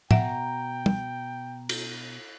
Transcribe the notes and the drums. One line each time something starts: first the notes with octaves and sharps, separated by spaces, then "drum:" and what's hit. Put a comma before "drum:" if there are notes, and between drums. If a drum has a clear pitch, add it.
B2 E5 F#5 G5 A#5, drum: tom
drum: tom
drum: cymbal